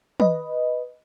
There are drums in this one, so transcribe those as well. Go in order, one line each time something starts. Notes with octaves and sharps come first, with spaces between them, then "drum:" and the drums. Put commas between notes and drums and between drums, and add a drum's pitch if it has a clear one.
B4 D#5, drum: tom